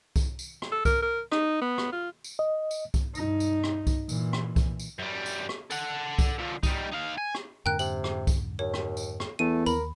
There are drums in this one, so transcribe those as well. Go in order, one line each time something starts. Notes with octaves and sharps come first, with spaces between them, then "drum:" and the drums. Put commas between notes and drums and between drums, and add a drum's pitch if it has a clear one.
drum: kick C2, tambourine
drum: tambourine
drum: rim click
A4
A#4, drum: kick C2, tambourine
A#4
D#4, drum: rim click
B3
drum: rim click
F4
drum: tambourine
D#5
drum: tambourine
drum: kick C2, tambourine
G2 D#4, drum: tambourine
drum: tambourine
drum: rim click
drum: kick C2, tambourine
A#2 E3, drum: tambourine
drum: rim click
drum: kick C2, tambourine
drum: tambourine
F#2 G3
drum: tambourine
drum: rim click
A4 F#5, drum: tambourine
drum: kick C2, tambourine
D3 F3
G3 D#4, drum: kick C2, tambourine
D#4 F5
G#5
drum: rim click
F2 G#2 D3 A#4 G5 F#6
C3 F#7, drum: tambourine
drum: rim click
drum: kick C2, tambourine
D#2 C#5
drum: rim click
drum: tambourine
drum: rim click
E2 A3 D#7
D#2 A#4 B5, drum: tambourine